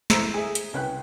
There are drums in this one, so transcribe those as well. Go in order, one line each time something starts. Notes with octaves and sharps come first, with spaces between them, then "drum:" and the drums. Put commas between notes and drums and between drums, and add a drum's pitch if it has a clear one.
E4 A4 C5 A#5 E6, drum: snare
G#4 E5
drum: hi-hat
C2 C#4 B4 G5 F#6